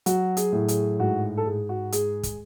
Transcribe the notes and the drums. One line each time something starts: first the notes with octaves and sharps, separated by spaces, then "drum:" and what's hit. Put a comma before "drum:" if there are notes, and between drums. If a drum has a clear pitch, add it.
F#3 F#4, drum: hi-hat
G#4, drum: hi-hat
A2
G#4, drum: hi-hat
G#2 F#4
A4
G#2 G#4
F#4
G#3 G#4, drum: hi-hat
drum: kick, hi-hat